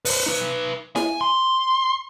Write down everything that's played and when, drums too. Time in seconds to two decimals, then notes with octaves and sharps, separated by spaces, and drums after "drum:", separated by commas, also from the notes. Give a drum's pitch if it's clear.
0.05 B4 C5, drum: open hi-hat
0.26 D#4 B4
0.96 G#5, drum: snare E4
1.21 C6